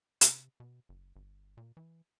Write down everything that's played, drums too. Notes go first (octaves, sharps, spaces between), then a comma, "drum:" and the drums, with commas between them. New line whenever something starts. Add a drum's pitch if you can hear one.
C3, drum: hi-hat
B2
F#1
G1
A#2
E3